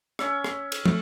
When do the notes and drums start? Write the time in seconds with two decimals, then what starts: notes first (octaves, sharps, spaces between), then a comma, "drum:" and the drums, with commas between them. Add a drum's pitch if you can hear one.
0.19 C#4 E5, drum: rim click
0.44 drum: rim click
0.72 drum: cymbal
0.86 A3, drum: tom